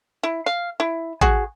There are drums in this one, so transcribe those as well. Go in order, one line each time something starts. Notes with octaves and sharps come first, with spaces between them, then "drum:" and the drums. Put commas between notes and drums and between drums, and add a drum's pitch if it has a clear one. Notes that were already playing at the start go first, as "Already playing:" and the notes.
E4
F5
E4
F#4 G#4, drum: kick A1